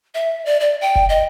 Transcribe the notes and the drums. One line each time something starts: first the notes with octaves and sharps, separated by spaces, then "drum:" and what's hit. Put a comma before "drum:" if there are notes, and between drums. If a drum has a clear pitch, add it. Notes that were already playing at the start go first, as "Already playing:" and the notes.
E5
D5
D5
G5
drum: kick
D#5